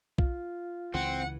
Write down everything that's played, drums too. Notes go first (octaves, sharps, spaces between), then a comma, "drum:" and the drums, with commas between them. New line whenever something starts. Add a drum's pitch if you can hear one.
F4, drum: kick B1
C#2 E3 C4 F#5